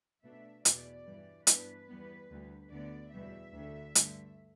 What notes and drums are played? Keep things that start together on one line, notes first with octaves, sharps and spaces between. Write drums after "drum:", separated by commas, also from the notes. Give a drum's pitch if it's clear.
B2 A3 D4 E5
E2 B2 B3 D5, drum: hi-hat
G2 E3 G3
G2 E3 B3 D4 B4, drum: hi-hat
E2 E3 G3 B3
D2 D3 G3
D2 D3 B3 D4 D5
E2 B2 G3 E5
D2 D3 A3
G2 D3 A3, drum: hi-hat